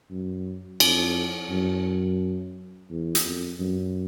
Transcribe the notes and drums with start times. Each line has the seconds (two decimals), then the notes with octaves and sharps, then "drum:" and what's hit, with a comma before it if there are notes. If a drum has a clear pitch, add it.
0.11 F#2
0.80 F2, drum: cymbal
1.50 F#2
2.90 E2
3.15 drum: hi-hat
3.25 F2
3.60 F#2